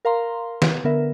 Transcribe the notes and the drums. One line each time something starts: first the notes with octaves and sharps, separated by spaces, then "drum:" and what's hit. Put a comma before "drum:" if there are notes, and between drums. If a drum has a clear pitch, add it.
A#4 F5 A#5 C6
B4, drum: snare
D3 B3 A#4 E5